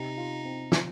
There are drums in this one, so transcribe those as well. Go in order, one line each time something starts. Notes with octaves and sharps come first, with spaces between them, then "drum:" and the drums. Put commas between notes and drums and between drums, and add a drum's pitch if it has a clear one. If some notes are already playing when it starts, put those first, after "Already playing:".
Already playing: C3 D#4
F4
C4
F3, drum: snare